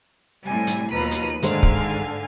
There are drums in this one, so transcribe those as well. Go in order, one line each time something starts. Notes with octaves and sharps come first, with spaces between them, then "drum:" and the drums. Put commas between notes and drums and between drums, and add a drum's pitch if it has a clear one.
A2 C3 G3 G#5
drum: hi-hat
D#2 B2 F3 F4 B4 A#5 B5 D#7
drum: hi-hat
G#2 D3 D#3 G#3 C5 F5 G#5, drum: hi-hat
drum: kick